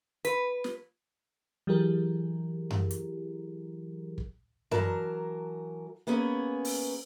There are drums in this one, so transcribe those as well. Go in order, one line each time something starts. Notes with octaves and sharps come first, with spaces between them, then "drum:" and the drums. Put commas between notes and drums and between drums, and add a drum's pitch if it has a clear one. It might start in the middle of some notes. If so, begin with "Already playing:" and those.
B4, drum: hi-hat
drum: snare
E3 F#3 E4 G4 G#4 A#4
drum: tom F#2
drum: hi-hat
drum: kick
E3 F#3 A#4 A5, drum: tom F#2
A#3 B3 C#4 G#4
drum: open hi-hat